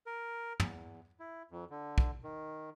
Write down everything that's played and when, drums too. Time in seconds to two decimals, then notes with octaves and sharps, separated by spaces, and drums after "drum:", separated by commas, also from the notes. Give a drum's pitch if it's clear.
0.06 A#4
0.60 E2, drum: tom
1.20 E4
1.51 F2
1.70 D3
1.98 drum: kick
2.24 D#3